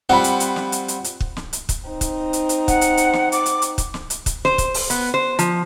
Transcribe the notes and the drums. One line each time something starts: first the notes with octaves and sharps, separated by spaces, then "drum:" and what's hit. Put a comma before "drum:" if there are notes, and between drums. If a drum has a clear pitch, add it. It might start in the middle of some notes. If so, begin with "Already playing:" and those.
G3 C4 F4 F#5 B5
drum: hi-hat
drum: hi-hat
drum: snare
drum: hi-hat
drum: hi-hat
drum: hi-hat
drum: kick
drum: snare
drum: hi-hat
drum: kick, hi-hat
C4 D#4
drum: kick, hi-hat
drum: hi-hat
drum: hi-hat
F#5, drum: kick, hi-hat
drum: hi-hat
drum: hi-hat
drum: snare
D6, drum: hi-hat
drum: hi-hat
drum: hi-hat
drum: kick, hi-hat
drum: snare
drum: hi-hat
drum: kick, hi-hat
C5, drum: snare
drum: kick, hi-hat
drum: open hi-hat
B3, drum: hi-hat
C5
F3, drum: hi-hat